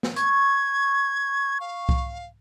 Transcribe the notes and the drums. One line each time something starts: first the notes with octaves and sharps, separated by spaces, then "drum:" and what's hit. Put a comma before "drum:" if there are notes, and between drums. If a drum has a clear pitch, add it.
drum: snare
C#6 G#6, drum: hi-hat
F5
drum: kick C2